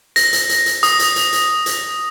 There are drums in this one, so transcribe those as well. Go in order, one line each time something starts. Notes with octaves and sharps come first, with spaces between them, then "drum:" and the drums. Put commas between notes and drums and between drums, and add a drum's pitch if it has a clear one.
A#6, drum: hi-hat
drum: hi-hat
drum: hi-hat
drum: hi-hat
D#6, drum: hi-hat
drum: hi-hat
drum: hi-hat
drum: hi-hat
drum: hi-hat